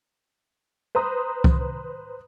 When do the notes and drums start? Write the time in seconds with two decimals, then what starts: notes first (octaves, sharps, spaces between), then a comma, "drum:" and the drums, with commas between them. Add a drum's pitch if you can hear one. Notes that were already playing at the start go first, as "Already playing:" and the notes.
0.95 B4 C5 A#5 D#6
1.44 drum: kick C2